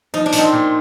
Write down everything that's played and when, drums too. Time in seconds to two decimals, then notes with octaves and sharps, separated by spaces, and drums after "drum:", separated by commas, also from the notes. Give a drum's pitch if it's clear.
0.14 F3 D#4
0.26 D4
0.32 A#2, drum: hi-hat
0.38 C4 D#4
0.53 A#2